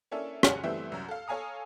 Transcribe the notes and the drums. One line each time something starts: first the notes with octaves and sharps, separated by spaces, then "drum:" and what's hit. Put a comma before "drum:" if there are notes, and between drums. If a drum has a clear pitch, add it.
A#3 C#4 D4 E4 A4
F#5 G#5 F6, drum: rim click
E3 G3 A3 B3 C4 E4
C2 F#2
A4 F5
A4 C#5 F5 G#5 A#5 D#6